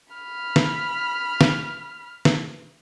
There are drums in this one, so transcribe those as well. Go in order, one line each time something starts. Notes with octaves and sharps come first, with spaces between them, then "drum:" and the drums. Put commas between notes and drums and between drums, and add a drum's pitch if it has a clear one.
B5 F6
drum: snare
drum: snare
drum: snare